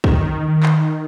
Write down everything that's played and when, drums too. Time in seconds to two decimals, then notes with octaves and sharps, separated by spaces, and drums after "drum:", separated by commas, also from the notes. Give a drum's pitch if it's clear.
0.04 D#3, drum: kick
0.48 D#3
0.63 drum: clap